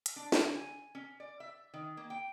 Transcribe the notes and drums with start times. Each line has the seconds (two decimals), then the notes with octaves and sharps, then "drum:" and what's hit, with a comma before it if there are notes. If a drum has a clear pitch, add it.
0.06 drum: hi-hat
0.16 D4
0.32 D3, drum: snare
0.55 G#5
0.95 C#4
1.20 D5
1.40 E5
1.74 D#3
1.97 A#3
2.10 G5